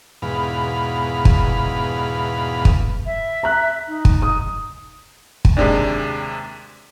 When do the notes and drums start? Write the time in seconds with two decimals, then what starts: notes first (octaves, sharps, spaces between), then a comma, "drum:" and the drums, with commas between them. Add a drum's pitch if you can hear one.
0.22 E2 G#2 B2 F5 B5
1.25 drum: kick
2.65 drum: kick
3.06 E5
3.43 A#5 F#6
3.87 D#4
4.05 drum: kick
4.22 D#6
5.45 drum: kick
5.57 D#2 C3 G#3 D4